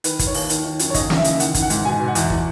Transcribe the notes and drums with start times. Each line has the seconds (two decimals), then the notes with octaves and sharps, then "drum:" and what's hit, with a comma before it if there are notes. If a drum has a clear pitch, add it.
0.04 D#3 B4, drum: hi-hat
0.19 D#3, drum: kick, hi-hat
0.27 C#5
0.35 D#2, drum: open hi-hat
0.50 D#3, drum: hi-hat
0.64 D#3
0.79 F#2, drum: hi-hat
0.90 C#5
0.94 D#2 D#5, drum: kick, hi-hat
1.10 C#3, drum: snare
1.17 E5
1.24 E3, drum: hi-hat
1.40 D#3 F#5, drum: hi-hat
1.55 D#3, drum: kick, hi-hat
1.62 F#5
1.70 G#2, drum: hi-hat
1.85 B2 G#5
2.00 B2
2.08 F#5
2.15 E2, drum: hi-hat
2.30 E3, drum: kick